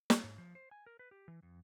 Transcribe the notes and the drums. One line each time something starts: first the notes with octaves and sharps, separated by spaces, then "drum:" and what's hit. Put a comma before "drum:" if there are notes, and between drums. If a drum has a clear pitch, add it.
drum: snare
G#2
F3
C5
G#5
A#4
B4
G4
E3
F2